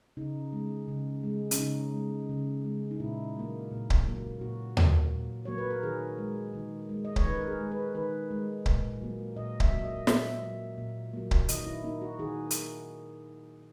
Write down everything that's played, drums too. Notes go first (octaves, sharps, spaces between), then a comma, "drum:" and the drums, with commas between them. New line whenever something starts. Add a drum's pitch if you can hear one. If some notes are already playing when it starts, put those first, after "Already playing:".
C#3 D#4
G#3
C#3
G#3
C#4, drum: hi-hat
C#3 D#4
G#3
C#3
G#3
D#4
A#2 E4
F#3 A#3
A#2
drum: kick C#1
F#3 A#3
A#2 F#4
F#3 A#3, drum: tom D#2
A#2
F#3 A#3 C#5
B4
A#4
D#3 G#4
G#3
D#3
G#3
D#5
C#5, drum: kick C#1
D#3 B4
A#4
G#4
G#3
B4
D#3 B4
G#3
A#2, drum: kick C#1
F#3 A#3
A#2 D#5
E5, drum: kick C#1
F#3 A#3
D#5
A#2 E5, drum: snare
F#3 A#3
A#2
F#3 A#3
drum: kick C#1
D#3 D#5, drum: hi-hat
E4
A#3 D#4
F#4
D#3 G#4
drum: hi-hat